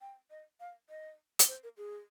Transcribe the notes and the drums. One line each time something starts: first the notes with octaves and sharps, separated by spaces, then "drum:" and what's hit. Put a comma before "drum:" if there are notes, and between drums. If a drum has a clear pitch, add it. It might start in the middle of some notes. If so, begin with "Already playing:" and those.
G5
D#5
F5
D#5
drum: hi-hat
C5
A#4
G#4